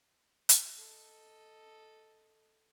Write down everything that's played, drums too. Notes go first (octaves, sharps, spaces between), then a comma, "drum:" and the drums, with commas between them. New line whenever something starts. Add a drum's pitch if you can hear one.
drum: hi-hat
A4 D#5